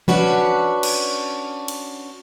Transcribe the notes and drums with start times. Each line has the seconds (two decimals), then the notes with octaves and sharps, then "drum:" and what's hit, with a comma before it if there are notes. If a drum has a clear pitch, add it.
0.08 C#4 D4 F#4 B4, drum: tom E3
0.83 drum: cymbal
1.68 drum: cymbal